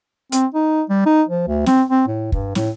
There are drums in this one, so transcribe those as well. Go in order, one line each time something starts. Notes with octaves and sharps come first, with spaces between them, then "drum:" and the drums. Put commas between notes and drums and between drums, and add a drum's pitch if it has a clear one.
C4, drum: hi-hat
D#4
G3
D#4
F3
D2
C4, drum: snare
C4
A2
G2, drum: kick
A2, drum: snare